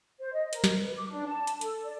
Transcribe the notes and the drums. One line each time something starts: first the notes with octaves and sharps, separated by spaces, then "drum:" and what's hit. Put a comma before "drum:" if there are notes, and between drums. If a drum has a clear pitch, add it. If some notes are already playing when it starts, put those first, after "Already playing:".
C5
D#5
A#4, drum: hi-hat
drum: snare
B4
D6
D4
A5
drum: hi-hat
A4, drum: hi-hat
D5